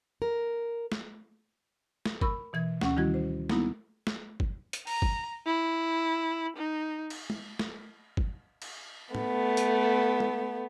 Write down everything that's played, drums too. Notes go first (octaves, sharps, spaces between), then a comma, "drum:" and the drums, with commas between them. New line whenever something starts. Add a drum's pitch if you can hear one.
A#4
drum: snare
drum: snare
A#4 B5 C#6 E6, drum: kick G1
B2 E3 G#6
D2 C#4 F#5 C#6, drum: snare
D#3 F3 G3 E4 F#4 G#6
C5
F#3 G3 A#3 B3 D#4 E4, drum: snare
drum: snare
drum: kick G1
drum: hi-hat
A#5, drum: open hi-hat
drum: kick G1
E4
D#4
drum: cymbal
drum: tom G#3
drum: snare
drum: kick G1
drum: cymbal
A3 B3, drum: tom A2
drum: hi-hat
drum: tom G#3